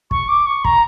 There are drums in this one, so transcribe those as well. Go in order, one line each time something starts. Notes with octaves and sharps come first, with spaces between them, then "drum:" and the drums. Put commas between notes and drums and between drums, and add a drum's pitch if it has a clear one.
C#6, drum: kick
D6
C#6
A#5, drum: kick